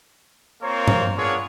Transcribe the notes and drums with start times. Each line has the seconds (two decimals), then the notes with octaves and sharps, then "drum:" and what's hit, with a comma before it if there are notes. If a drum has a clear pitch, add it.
0.62 A#3 C4 F4 A#4 C5 C#5
0.88 drum: tom G2
1.17 B3 D4 F4 G#4 A#4 C#5